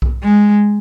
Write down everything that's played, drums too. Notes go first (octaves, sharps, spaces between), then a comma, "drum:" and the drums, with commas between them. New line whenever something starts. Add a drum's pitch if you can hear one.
drum: kick B1
G#3